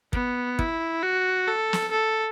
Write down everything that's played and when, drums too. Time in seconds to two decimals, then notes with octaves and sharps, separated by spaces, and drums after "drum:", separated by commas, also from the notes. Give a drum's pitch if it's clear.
0.13 B3, drum: kick
0.59 E4, drum: kick
1.03 F#4
1.47 A4
1.73 drum: snare
1.91 A4